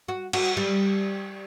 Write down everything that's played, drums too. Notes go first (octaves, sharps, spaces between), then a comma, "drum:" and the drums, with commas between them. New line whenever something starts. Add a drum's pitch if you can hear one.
F#4
F#4, drum: cymbal
G3